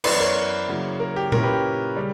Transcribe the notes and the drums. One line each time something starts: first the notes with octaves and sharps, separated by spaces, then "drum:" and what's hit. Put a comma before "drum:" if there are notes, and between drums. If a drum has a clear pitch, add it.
F#2 E3 B3 E4 B4 D5, drum: cymbal
A#4 C#5
C#3 F#3 A#3 E4
A#4
G4
A#2 A#3 C#4 E4 A#4, drum: tom A#2
G4 B4
G4
C#3 G3